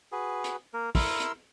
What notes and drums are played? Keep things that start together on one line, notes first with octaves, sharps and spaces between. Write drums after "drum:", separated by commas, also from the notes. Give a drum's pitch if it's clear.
F#4 G#4 B4
drum: hi-hat
A#3 A#4
E4 A#4 C6 E6, drum: kick, open hi-hat
drum: hi-hat